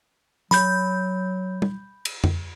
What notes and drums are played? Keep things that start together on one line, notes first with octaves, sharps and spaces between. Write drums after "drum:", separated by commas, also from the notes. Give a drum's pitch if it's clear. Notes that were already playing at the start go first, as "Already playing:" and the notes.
F#3 B5 G6, drum: snare
drum: tom
drum: cymbal
drum: tom F2